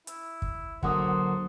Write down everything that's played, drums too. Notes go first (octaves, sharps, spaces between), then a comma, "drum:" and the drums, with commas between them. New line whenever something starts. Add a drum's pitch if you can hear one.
E4, drum: hi-hat
drum: kick
D3 F#3 A#3 C5 F#5 D#6, drum: kick